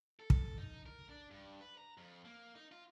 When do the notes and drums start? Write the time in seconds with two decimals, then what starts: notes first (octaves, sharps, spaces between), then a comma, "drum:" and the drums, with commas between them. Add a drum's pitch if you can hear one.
0.20 A4
0.30 drum: kick
0.58 D#4
0.86 A#4
1.09 D4
1.31 G2
1.61 B4
1.77 A#5
1.97 F2
2.25 A#3
2.55 D#4
2.72 F4